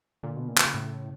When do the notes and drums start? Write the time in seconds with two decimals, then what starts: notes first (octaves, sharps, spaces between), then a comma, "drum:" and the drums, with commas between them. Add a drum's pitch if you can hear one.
0.23 A#2 D3
0.36 B2
0.48 A#2 C#3
0.58 D3, drum: clap
0.65 C#3
0.74 A2